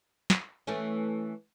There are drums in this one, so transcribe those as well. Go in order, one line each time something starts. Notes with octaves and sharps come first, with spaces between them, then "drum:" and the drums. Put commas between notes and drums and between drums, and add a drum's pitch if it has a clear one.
drum: snare
E3 A3 C#4